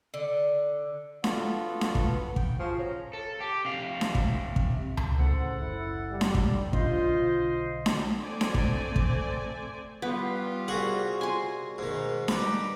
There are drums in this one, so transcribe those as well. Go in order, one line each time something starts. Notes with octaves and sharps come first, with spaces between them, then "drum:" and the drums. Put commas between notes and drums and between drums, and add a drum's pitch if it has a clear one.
D3
B3 F4 F#4 A4, drum: snare D4
drum: snare D4
drum: kick
G5, drum: kick
F3 F#4 G#4 C6
C#4 A#5
A4
G4
C3 F5
drum: snare D4
drum: kick
drum: kick
drum: tom C#2
D2 A2 C#3 A4 C5 F#5
F#1 E4
G3
drum: snare D4
drum: kick
D4 F4 C5 D#5 C6, drum: kick
B1 D3
drum: snare D4
A3 C4 D5 G#5
drum: snare D4
drum: kick
drum: kick
G3 B3 F4 G4
C2 F#4 G#4 F#5
G#5 C6
G#2 B2 D#3
G3 D#4 B4 D6, drum: snare D4